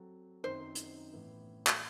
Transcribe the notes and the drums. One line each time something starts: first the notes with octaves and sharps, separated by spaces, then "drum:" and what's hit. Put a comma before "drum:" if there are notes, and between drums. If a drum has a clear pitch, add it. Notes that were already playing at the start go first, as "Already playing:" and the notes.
Already playing: F#3 C4 F#4 A4
F#2 D#3 F#3 C4 D#4 C5
drum: hi-hat
A2 E3 B3 E4
drum: clap